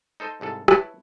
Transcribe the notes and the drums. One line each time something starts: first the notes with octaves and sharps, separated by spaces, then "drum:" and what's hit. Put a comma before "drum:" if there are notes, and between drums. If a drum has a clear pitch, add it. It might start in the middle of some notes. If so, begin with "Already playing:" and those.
D#4 A4 C5 D#5
C2 G#2 A4
E4 B4 C#5 A5, drum: rim click